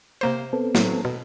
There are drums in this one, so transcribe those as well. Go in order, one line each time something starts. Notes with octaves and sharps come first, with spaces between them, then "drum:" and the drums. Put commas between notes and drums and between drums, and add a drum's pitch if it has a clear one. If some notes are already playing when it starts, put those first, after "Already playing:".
C3 A#3 C5
B3 C4 A4
A2 F#3, drum: snare
B2